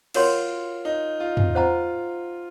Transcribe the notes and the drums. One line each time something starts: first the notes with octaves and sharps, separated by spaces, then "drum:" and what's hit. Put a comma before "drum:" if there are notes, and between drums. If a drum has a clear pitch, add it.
F4 F#4 A#4 C#5 F#5 C6, drum: cymbal
D#4
F4
drum: tom E2
F4 C5 F#5 A#5